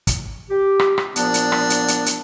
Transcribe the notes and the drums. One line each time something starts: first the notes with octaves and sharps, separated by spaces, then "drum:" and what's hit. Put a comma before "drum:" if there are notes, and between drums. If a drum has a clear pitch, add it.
drum: kick, hi-hat
G4
drum: rim click
drum: rim click
A#2 F3 B3 D4, drum: hi-hat
drum: hi-hat
drum: rim click
drum: hi-hat
drum: hi-hat
drum: hi-hat